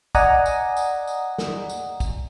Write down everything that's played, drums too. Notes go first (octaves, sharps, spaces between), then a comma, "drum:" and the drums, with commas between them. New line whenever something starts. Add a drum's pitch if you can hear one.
D5 D#5 F#5 G#5 A#5 D#6, drum: kick, tambourine
drum: tambourine
drum: tambourine
drum: tambourine
drum: snare
drum: tambourine
drum: kick, tambourine